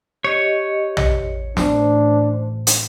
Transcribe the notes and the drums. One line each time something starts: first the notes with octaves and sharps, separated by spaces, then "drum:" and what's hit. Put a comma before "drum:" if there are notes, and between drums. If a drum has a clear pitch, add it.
G4 C#5 D#5
drum: tom A#1
A1 D4 C5, drum: snare
drum: hi-hat